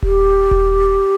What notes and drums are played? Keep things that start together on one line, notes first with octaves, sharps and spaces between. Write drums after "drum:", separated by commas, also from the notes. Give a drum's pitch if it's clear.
G4, drum: kick D#1
drum: kick D#1